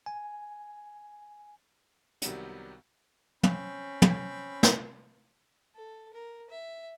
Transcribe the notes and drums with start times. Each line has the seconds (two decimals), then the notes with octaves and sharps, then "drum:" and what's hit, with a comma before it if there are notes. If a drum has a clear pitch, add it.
0.06 G#5
2.22 C2 C3 D#3 F#3 G3 B3, drum: hi-hat
3.43 C4 C#4 B5, drum: tom
4.02 drum: tom
4.63 drum: snare
5.75 A4
6.13 A#4
6.50 E5